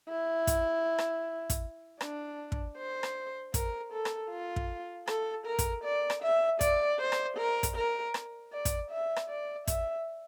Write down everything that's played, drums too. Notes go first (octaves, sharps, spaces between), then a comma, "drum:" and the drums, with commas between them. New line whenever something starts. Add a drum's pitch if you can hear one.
E4
drum: kick, hi-hat
drum: rim click
drum: kick, hi-hat
D4, drum: rim click
drum: kick
C5
drum: rim click
A#4, drum: kick, hi-hat
A4
drum: rim click
F4
drum: kick
A4, drum: rim click
A#4
drum: kick, hi-hat
D5
drum: rim click
E5
D5, drum: kick, hi-hat
C5
drum: rim click
A#4
drum: kick, hi-hat
A#4
drum: rim click
D5
drum: kick, hi-hat
E5
drum: rim click
D5
E5, drum: kick, hi-hat